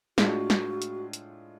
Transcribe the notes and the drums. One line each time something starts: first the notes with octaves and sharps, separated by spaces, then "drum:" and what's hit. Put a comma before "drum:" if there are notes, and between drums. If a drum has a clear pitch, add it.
A2 G#3 D4 F4 F#4, drum: snare
drum: snare
drum: hi-hat
drum: hi-hat